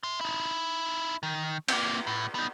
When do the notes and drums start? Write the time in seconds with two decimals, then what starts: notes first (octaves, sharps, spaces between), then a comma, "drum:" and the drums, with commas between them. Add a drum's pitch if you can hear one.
0.03 E5 C6
0.21 D#4 E4
1.23 D#3
1.68 A#3 C4, drum: cymbal
2.07 A2
2.35 B3 D#4